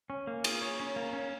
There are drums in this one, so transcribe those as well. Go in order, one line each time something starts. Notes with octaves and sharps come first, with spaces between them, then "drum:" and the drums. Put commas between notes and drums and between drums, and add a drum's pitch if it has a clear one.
C#4
A#3
G#4, drum: cymbal
C#5
C#4
A#3
C#4